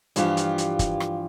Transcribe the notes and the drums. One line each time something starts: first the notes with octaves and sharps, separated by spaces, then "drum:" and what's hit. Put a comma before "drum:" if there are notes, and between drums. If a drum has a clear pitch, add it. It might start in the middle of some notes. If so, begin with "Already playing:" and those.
G2 E3 F3 F4 G4, drum: hi-hat
drum: hi-hat
drum: hi-hat
drum: kick, hi-hat
drum: rim click